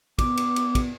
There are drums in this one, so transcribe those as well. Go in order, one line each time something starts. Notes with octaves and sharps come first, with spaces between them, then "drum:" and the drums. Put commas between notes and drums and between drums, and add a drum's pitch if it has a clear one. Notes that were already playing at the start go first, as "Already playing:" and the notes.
B3 D6, drum: kick, cymbal
drum: cymbal
drum: cymbal
drum: kick, cymbal